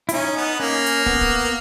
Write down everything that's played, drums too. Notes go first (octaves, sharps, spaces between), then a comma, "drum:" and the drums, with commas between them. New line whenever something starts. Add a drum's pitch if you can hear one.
E4, drum: hi-hat
C#4 D#4
B3
A#3 C#4
drum: hi-hat
B3, drum: kick
drum: kick